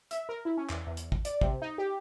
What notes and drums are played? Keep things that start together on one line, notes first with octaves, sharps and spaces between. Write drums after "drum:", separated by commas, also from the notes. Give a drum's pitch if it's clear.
E5, drum: hi-hat
A#4
E4
C#4
E2, drum: clap
E2
drum: hi-hat
drum: kick
D5, drum: hi-hat
C3, drum: kick
D#4
G4